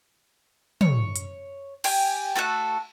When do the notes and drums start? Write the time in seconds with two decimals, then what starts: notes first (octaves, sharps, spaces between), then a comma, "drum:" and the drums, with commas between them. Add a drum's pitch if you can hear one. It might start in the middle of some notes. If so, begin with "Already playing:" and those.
0.81 C#5, drum: tom
1.16 drum: hi-hat
1.84 G4 G5 G#5, drum: cymbal
2.36 A3 F#4 A4 F#6